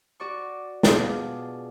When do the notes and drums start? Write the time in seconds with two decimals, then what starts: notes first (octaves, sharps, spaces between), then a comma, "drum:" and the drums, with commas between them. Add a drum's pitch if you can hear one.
0.20 F#4 D5 C#6
0.83 B2 D4 F4 G#4, drum: snare